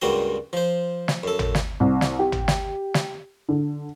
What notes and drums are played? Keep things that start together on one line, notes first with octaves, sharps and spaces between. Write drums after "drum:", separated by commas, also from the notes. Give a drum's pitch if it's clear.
C#2 G2 A#2 G3 F#4 C6
F3 C5
drum: snare
F#2 A4
drum: tom
drum: snare
C2
drum: snare
G4
drum: tom
drum: snare
drum: snare
D3